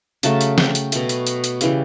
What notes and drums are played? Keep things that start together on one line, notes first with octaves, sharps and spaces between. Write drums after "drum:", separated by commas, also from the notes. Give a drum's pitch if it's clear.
C#3 F#3 A3 A5, drum: hi-hat
drum: hi-hat
G5, drum: snare
drum: hi-hat
B2 A3, drum: hi-hat
drum: hi-hat
drum: hi-hat
drum: hi-hat
C#3 E3 G3, drum: hi-hat